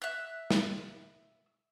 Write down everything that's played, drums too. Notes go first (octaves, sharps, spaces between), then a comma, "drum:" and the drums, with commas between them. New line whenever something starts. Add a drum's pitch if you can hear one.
E5 F#6
drum: snare